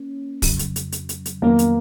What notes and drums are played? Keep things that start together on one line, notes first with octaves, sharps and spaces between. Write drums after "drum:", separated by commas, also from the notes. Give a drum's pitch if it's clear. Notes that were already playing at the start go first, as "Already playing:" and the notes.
Already playing: A#3 C#4
F2 C#3 F#3, drum: kick, open hi-hat
drum: hi-hat
drum: hi-hat
drum: hi-hat
drum: hi-hat
drum: hi-hat
F2 D#3 F#3 A#3 B3
drum: hi-hat